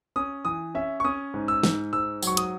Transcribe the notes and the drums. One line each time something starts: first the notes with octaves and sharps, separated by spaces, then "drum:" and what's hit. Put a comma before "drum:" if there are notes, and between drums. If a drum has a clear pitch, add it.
C#4 D#6
E3 D#6
C#4 E5
C#6
C#4 D#6
G#2
E6
G#2, drum: snare
G#2 E6
F#3 C#6, drum: tambourine
D#6, drum: hi-hat